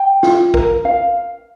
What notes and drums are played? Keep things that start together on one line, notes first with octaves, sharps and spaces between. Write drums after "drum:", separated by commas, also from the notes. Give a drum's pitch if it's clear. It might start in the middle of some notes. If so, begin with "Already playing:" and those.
Already playing: G5
F4, drum: snare
A#4, drum: kick
F5